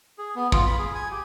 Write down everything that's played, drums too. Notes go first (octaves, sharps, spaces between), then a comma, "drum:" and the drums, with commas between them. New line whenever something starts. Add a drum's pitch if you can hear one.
G#4
B3
F4, drum: kick
B5
G#4
G#5
G4